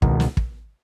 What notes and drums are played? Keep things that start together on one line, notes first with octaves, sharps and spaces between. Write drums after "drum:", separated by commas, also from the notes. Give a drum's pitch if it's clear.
C#2 B2 D#3, drum: kick
drum: snare
drum: kick